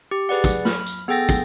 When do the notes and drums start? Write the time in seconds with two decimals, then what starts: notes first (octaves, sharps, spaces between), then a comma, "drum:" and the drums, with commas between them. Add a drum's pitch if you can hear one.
0.11 G4
0.29 G#4 B4 D5 F#5
0.44 drum: kick, tambourine
0.65 B5 F6, drum: snare
0.86 drum: tambourine
1.08 B3 G#4 A4 G5 A6 A#6
1.29 drum: kick, tambourine